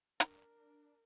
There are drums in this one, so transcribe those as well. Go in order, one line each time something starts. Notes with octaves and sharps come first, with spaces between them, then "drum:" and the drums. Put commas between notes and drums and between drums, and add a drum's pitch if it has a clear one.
D4 A#4, drum: hi-hat